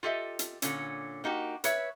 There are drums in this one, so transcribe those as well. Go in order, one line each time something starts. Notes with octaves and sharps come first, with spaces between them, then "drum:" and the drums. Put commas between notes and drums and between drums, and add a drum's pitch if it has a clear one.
F4 G4 A4 D#5 E5
drum: hi-hat
A#2 D3 C#4, drum: hi-hat
A#3 D#4 F#4 G4
B4 C#5 E5, drum: hi-hat